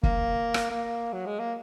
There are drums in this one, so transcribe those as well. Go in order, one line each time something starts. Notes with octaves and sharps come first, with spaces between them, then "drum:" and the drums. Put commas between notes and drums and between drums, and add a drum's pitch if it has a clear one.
A#3, drum: kick
drum: rim click
A#3
F#3
G#3
A#3